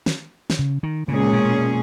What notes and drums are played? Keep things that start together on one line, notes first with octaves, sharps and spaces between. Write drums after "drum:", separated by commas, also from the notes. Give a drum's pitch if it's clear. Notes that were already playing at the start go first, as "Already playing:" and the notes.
drum: snare
drum: snare
C#3
D#3
A#2 C#3 G#3 C#4 G#4
B2